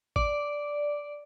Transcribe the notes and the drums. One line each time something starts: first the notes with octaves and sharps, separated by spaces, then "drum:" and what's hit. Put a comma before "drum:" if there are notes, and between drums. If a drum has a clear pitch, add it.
D5, drum: kick G#1